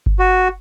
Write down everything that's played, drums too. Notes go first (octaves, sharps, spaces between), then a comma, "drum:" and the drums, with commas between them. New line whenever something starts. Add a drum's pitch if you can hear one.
drum: kick G1
F#4